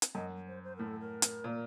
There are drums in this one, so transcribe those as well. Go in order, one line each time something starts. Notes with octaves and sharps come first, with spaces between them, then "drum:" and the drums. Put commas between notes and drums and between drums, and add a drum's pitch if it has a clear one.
drum: hi-hat
F#2 D#5
C5
C5
A2 A#4
A4
A#4
drum: hi-hat
A#2